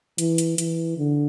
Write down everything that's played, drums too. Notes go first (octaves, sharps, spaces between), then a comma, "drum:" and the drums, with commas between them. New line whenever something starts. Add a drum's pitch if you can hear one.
E3, drum: hi-hat
drum: hi-hat
E3, drum: hi-hat
D3